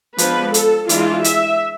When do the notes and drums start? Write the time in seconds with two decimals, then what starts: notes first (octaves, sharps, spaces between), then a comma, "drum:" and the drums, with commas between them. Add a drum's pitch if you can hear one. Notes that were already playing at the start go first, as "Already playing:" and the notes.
0.18 F3 G#3 B3 D4 B4, drum: hi-hat
0.54 A4, drum: hi-hat
0.89 E3 G#3 D4 F4, drum: hi-hat
1.24 E5, drum: hi-hat